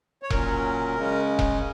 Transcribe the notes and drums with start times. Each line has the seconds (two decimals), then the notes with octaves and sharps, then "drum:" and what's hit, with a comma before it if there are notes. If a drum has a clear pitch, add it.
0.22 C#5
0.30 A#2 F#3 C#4 A#4, drum: kick E1
0.95 C#3 G#3 C#4
1.39 drum: kick E1